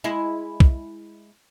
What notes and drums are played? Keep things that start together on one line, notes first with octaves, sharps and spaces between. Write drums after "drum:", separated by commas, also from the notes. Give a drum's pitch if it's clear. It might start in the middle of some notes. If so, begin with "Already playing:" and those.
G#3 E4
drum: kick B1